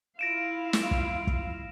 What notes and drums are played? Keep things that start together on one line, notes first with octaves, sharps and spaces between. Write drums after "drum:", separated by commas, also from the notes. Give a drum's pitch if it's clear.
E4 F4 F5 A#6 D7 E7
drum: snare
drum: kick
drum: kick